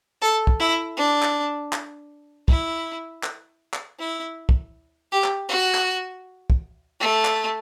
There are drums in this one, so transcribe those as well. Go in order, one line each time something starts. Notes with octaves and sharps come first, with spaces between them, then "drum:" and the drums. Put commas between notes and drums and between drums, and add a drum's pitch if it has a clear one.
A4
drum: kick
E4
D4
drum: clap
drum: clap
E4, drum: kick
drum: clap
drum: clap
E4
drum: kick
G4
drum: clap
F#4
drum: clap
drum: kick
A3
drum: clap